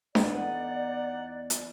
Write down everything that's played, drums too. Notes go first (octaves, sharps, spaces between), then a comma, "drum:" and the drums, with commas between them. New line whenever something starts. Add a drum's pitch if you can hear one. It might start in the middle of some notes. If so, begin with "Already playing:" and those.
D#4 D5, drum: snare D4
E2 B3 F#5
drum: hi-hat